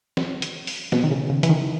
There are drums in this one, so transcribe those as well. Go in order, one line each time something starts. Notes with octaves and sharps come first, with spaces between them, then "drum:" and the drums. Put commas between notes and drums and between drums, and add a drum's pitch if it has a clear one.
drum: snare
drum: hi-hat
drum: open hi-hat
B2, drum: snare
D#3
C#3
C#3
E3, drum: hi-hat
D#3